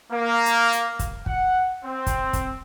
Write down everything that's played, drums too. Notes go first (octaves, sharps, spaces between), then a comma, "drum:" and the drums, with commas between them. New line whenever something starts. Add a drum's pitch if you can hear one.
A#3
drum: hi-hat
drum: hi-hat
drum: kick, hi-hat
F#5, drum: kick
C4
drum: kick, hi-hat
drum: kick, hi-hat